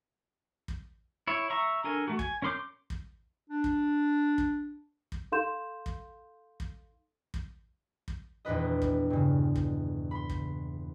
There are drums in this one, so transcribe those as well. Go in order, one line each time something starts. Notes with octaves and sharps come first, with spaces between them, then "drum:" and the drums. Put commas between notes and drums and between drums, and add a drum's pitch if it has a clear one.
drum: kick
E4 C#5
E5 A#5 C#6
D4 A4 A#4 G#5
A3 F#4
G#5, drum: kick
C#4 A#4 C6 D6 G6
drum: kick
D4
drum: kick
drum: kick
drum: kick
D#4 A4 F5 C6 G6 E7
drum: kick
drum: kick
drum: kick
drum: kick
D#1 E2 D4 B4 D#5
drum: kick
G2 C#3
drum: kick
B5 C6
drum: kick